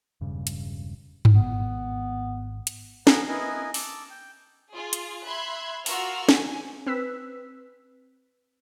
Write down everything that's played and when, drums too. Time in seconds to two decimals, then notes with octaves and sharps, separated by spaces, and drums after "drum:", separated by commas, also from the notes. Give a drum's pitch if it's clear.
0.21 E1 G2 C#3
0.47 drum: hi-hat
1.25 drum: tom G2
1.34 G#1 B3
2.67 drum: hi-hat
3.07 B3 B4 F#5 G#5 A#5, drum: snare
3.28 B3 E4 A#4 B4 D#5 G#5
3.74 A5 D6 E6, drum: open hi-hat
4.10 G5
4.72 F4 G#4
4.93 drum: hi-hat
5.25 E5 B5 C6 F#6 G#6
5.86 F4 F#4 A#4 F5 E6 F6, drum: open hi-hat
6.29 G#5, drum: snare
6.87 C4 B4 E6 F#6 B6